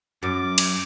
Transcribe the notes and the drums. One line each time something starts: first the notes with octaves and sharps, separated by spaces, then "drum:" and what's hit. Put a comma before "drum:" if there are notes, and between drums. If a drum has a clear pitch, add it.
F#2 D6
drum: cymbal